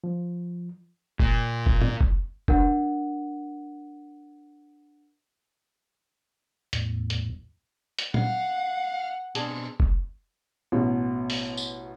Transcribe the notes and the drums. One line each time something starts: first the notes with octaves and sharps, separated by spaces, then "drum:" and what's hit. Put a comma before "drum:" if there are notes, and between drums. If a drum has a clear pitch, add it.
F3
A#2, drum: kick
drum: kick
drum: tom G#2
drum: kick
D4 A#4 F#5, drum: kick
E2 A2, drum: hi-hat
drum: hi-hat
drum: hi-hat
F5 F#5, drum: tom A#2
B2 C4 D4 G#4, drum: hi-hat
drum: kick
A1 B2
drum: open hi-hat
drum: tambourine